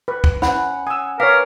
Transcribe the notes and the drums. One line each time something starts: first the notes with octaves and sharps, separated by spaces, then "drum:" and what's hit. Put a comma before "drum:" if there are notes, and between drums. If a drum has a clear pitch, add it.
B4 C#6
drum: kick
C#4 F#5 B5, drum: snare
G#5 D#6 E6
A#4 B4 C#5 F5 D6 B6